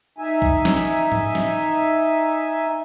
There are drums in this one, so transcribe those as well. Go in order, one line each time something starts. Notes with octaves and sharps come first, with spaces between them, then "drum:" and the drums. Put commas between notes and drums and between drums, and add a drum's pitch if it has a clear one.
D#4 E5 G#5
drum: kick B1
drum: snare
drum: tom G#2
drum: snare